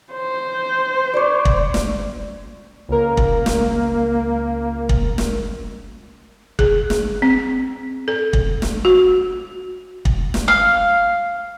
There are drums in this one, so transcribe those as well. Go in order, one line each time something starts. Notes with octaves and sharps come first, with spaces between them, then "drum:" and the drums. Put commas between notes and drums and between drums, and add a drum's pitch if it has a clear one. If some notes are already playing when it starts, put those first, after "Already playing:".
C5
C#5 D5
drum: kick
drum: snare
C#2 A#3 A#4
drum: kick
drum: snare
drum: kick
drum: snare
G#4, drum: kick
drum: snare
C4
A4
drum: kick
drum: snare
F#4
drum: kick
drum: snare
F5